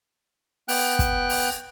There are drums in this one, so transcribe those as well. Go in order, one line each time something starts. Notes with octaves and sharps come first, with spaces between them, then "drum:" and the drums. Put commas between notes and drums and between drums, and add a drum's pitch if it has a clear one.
B3 G5 F#6, drum: open hi-hat
drum: kick, hi-hat
drum: open hi-hat